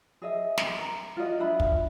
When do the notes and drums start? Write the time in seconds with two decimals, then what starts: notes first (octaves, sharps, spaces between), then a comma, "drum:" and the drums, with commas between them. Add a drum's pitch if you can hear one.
0.22 G#4 D#5 E5
0.58 drum: snare
0.78 A#4
1.17 F4 F#4 D#5
1.40 D4 E5 B5
1.60 drum: kick